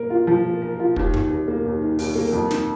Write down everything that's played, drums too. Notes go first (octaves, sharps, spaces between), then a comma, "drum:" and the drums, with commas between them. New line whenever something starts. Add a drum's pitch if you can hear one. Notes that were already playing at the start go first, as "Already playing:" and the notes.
Already playing: A#3 A#4
F4
F3
A#3
A#4
F4
D#2, drum: kick
D#3, drum: tom F2
D#2
A#3
D#2
D#3
D#2, drum: open hi-hat
A#3
F2
D#3, drum: snare